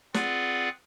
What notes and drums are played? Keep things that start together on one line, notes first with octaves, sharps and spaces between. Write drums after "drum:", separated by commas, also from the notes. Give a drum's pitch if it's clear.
C4 F4 G#4 B4 D5 F#5, drum: snare